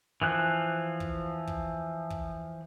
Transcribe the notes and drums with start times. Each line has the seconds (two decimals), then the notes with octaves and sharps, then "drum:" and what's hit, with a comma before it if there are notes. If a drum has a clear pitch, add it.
0.22 E3 F3 F#6
1.00 drum: kick
1.47 drum: kick
2.10 drum: kick